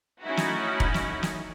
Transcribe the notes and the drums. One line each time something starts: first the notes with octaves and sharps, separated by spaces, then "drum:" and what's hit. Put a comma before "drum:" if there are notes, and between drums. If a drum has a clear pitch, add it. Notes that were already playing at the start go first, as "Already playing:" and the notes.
A3 C#4 D#4 E4 F#4
drum: snare
drum: kick
drum: snare
drum: snare